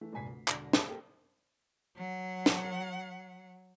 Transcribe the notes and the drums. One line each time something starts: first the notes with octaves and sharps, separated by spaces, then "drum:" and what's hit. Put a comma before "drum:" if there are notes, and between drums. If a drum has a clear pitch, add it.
E3 A3
F1 A#1 G#2 G#5 B6 C7
D2
E1 D3 D5 A#6, drum: clap
G#4 B5, drum: snare
A#3 G4 A4
F#3 F#5
drum: snare